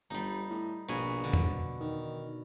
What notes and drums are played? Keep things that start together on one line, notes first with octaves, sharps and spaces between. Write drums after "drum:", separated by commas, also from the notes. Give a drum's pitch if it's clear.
G1 G3 D#4
A2
A#1 B2 G#5
D3
drum: tom E2
D#3